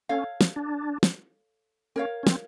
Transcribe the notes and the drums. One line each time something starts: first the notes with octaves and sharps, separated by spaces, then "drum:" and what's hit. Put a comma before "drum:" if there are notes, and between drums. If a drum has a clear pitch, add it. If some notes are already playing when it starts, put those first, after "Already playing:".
C#4 A4 C#5 F5
drum: snare
D4
drum: snare
C#4 A#4 C#5 F5
C#4
C4, drum: snare